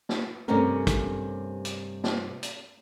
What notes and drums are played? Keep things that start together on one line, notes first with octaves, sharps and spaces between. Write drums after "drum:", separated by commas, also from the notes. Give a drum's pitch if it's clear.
drum: snare
G2 C3 A3 C4 C#4 A#4
drum: kick, hi-hat
drum: hi-hat
drum: snare
drum: hi-hat